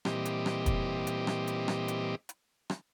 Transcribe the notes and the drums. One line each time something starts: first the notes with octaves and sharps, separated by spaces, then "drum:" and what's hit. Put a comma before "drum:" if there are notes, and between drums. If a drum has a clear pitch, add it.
A#2 E3 G3 C4 G4 D#5, drum: rim click
drum: hi-hat
drum: rim click
drum: kick, hi-hat
drum: hi-hat
drum: rim click
drum: hi-hat
drum: rim click
drum: hi-hat
drum: hi-hat
drum: rim click